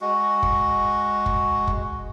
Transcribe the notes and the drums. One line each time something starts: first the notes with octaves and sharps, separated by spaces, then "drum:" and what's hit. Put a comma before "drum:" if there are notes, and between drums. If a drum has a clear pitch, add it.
G#3 F#4
drum: kick
drum: kick
drum: kick